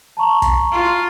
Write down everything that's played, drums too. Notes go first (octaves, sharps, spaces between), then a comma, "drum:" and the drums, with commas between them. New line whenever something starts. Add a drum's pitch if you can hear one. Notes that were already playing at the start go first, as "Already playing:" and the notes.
A5 A#5 C#6
drum: kick, hi-hat
F4